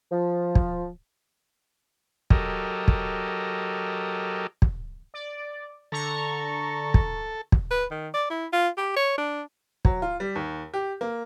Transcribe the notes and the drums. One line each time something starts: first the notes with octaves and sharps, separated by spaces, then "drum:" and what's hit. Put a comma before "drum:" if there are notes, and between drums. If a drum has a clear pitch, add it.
F3
drum: kick
F#3 G4 A4 A#4 D#5, drum: kick
drum: kick
drum: kick
D5
D3 A4 A#5 C#6
drum: kick
drum: kick
B4
D#3
D5
E4
F4
G4
C#5
D4
F#3, drum: kick
F4
G3
D#2
G4
A#3